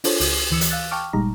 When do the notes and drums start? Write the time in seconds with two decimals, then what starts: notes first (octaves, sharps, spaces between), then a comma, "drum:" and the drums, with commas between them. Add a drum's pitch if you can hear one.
0.04 D4 F4 A4 C5 C#5, drum: open hi-hat
0.20 C#2, drum: open hi-hat
0.51 D2 E3 E6 C#7 E7
0.61 drum: hi-hat
0.70 F5 E6 F#6 A6
0.91 G5 A5 C#6 D6 F6
1.13 G1 A#2 G3 G#3 D#4 A#5